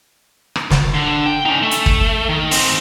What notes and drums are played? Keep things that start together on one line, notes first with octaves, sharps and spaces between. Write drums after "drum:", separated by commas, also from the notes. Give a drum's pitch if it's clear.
drum: rim click
drum: snare
D3
G5
C#4 D#4
A3
drum: hi-hat
drum: kick
D#3
C4 D#4, drum: open hi-hat